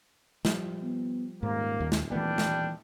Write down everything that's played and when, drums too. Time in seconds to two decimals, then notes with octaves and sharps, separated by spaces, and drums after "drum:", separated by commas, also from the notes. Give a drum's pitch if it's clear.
0.45 F3 G3, drum: snare
0.83 B3
1.43 D#1 G#2 A#3
1.80 D#2
1.92 drum: snare
2.12 E3 G3 A3 B3 D4 G5
2.38 drum: snare